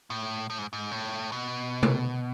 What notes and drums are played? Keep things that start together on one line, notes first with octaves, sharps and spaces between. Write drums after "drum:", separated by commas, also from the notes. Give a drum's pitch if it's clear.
A2
A2
G#2
G#2
A2
B2
drum: tom